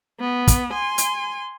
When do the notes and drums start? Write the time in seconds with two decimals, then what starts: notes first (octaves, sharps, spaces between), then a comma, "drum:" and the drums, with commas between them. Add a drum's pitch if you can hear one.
0.20 B3
0.48 drum: kick, hi-hat
0.73 G#5 C6
0.98 drum: hi-hat